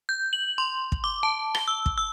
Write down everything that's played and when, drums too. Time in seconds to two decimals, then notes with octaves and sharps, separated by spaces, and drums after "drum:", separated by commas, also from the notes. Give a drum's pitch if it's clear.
0.09 G6
0.33 F#7
0.58 C6
0.92 drum: kick
1.04 D6
1.23 A5
1.55 G7, drum: rim click
1.68 E6
1.86 drum: kick
1.98 E6